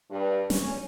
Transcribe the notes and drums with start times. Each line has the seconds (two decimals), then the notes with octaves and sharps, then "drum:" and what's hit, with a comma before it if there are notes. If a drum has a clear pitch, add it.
0.10 G2
0.50 C#4, drum: snare